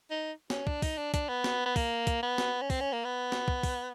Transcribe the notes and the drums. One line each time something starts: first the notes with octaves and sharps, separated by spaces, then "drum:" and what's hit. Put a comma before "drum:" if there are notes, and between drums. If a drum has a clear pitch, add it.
D#4
C#4, drum: snare
D4, drum: kick
D#4, drum: kick, open hi-hat
D4
D4, drum: kick, hi-hat
B3
drum: snare
B3
A#3, drum: kick, open hi-hat
drum: kick, hi-hat
B3
drum: snare
C#4
C4, drum: kick, open hi-hat
C#4
A#3
B3
drum: snare
drum: kick
drum: kick, open hi-hat